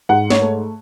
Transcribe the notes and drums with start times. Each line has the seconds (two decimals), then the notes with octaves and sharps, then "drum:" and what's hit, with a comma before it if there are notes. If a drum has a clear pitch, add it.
0.09 G#2 F#5
0.30 C#5, drum: snare
0.42 A3